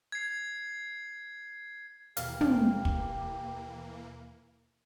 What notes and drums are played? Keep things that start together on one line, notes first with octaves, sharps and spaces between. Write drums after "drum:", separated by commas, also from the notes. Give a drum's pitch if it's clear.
G#6 C7
D#2 B2 E3 A#3 G4 F5, drum: hi-hat
drum: tom
drum: kick